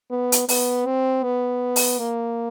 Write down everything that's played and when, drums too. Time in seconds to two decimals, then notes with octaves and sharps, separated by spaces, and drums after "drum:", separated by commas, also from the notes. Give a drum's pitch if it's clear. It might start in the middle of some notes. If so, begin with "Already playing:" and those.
0.11 B3
0.32 drum: hi-hat
0.49 B3, drum: open hi-hat
0.86 C4
1.23 B3
1.76 drum: open hi-hat
1.99 A#3